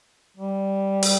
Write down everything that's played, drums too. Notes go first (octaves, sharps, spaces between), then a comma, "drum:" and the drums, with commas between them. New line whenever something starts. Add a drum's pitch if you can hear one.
G3
drum: open hi-hat